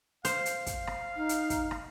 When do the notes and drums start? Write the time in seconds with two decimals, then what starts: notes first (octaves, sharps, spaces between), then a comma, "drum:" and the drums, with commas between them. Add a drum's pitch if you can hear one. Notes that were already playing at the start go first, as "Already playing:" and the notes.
0.25 C5 F5, drum: hi-hat
0.46 drum: hi-hat
0.66 drum: kick, hi-hat
0.87 drum: rim click
1.16 D#4
1.29 drum: hi-hat
1.50 drum: kick, hi-hat
1.71 drum: rim click